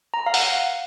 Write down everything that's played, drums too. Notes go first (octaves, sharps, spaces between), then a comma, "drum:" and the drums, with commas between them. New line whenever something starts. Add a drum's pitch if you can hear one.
A#5
F5
F#5, drum: open hi-hat